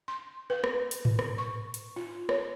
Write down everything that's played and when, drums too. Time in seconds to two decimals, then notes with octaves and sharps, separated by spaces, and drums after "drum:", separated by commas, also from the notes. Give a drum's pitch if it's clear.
0.08 C6
0.50 B4
0.64 drum: rim click
0.91 drum: hi-hat
1.05 drum: tom G#2
1.19 drum: rim click
1.38 C#6
1.74 drum: hi-hat
1.96 F4
2.29 C#5, drum: rim click